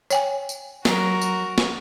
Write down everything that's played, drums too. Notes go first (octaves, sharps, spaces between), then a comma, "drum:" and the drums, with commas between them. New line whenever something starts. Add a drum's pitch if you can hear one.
C#5 G5 G#5, drum: tambourine
drum: tambourine
F#3 F#4 A#4, drum: snare
drum: tambourine
drum: snare